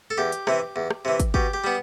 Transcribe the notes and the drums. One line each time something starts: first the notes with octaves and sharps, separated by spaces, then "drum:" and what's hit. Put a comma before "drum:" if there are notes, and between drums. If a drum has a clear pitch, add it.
A4
E2 G4
drum: hi-hat
C3 E3, drum: rim click
E2
drum: rim click
C3 E3
drum: kick, hi-hat
B2 G4, drum: kick
G4
G3 B3